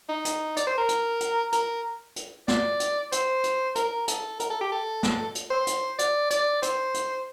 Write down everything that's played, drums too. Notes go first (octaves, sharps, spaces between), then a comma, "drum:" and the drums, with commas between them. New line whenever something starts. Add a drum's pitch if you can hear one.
D#4
drum: hi-hat
D5, drum: hi-hat
C5
A#4
drum: hi-hat
drum: hi-hat
A#4, drum: hi-hat
drum: hi-hat
D5, drum: snare
drum: hi-hat
C5, drum: hi-hat
drum: hi-hat
A#4, drum: hi-hat
A4, drum: hi-hat
A#4, drum: hi-hat
A4
G4
A4
drum: snare
drum: hi-hat
C5
drum: hi-hat
D5, drum: hi-hat
D5, drum: hi-hat
C5, drum: hi-hat
drum: hi-hat